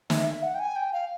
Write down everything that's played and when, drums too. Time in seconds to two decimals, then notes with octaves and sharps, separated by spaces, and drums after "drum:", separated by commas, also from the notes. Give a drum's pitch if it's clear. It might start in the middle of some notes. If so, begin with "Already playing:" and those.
0.10 E5, drum: snare
0.27 E5
0.43 F#5
0.55 G5
0.59 G#5
0.76 G5
0.93 F5